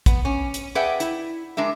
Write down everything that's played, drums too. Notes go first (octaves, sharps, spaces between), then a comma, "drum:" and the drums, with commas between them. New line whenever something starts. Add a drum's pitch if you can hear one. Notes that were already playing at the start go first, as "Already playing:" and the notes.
B3, drum: kick, hi-hat
C#4
drum: hi-hat
G#4 B4 D5 E5 F#5 G5
E4, drum: hi-hat
G#3 D4 A#4 E5